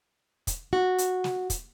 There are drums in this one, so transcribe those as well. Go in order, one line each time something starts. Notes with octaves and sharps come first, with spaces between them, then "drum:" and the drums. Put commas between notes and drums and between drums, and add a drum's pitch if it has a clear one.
drum: kick, hi-hat
F#4
drum: hi-hat
drum: snare
drum: kick, hi-hat